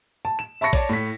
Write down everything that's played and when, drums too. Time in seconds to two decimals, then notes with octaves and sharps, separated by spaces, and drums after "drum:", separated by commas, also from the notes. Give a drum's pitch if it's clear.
0.25 A5
0.39 E7
0.61 E5 A5 B5 C#6 A#6 C#7
0.73 C#5 D5 A5, drum: kick A#1, cymbal
0.89 A2 B6